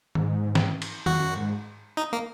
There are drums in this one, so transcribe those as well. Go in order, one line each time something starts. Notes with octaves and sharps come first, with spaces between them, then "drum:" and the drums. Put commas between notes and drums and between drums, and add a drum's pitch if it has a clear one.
G#2, drum: tom D#3
drum: snare
drum: cymbal
F2 F#4, drum: tom D#3
F#2
G#2
D#4
A#3